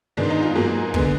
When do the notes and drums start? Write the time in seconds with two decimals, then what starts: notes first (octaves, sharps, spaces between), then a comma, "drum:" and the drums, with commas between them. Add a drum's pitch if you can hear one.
0.17 G#2 D#3 G#3 B3 D4
0.30 D#4
0.43 F4
0.55 G#2 F#3 A#3 G#4
0.94 D3 G#3 B3, drum: kick